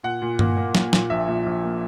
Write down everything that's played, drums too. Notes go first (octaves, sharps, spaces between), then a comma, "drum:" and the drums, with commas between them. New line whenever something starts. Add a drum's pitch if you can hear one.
A#2 F#5
A#2
A#3, drum: tom G2
A#3
A#3, drum: snare
A#2, drum: snare
A#1 E5
A#2
A#1
A#3